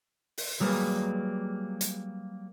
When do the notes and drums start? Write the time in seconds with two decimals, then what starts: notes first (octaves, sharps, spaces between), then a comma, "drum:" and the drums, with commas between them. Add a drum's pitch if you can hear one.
0.38 drum: open hi-hat
0.60 F#3 G3 A#3 G#4 B4
1.81 drum: hi-hat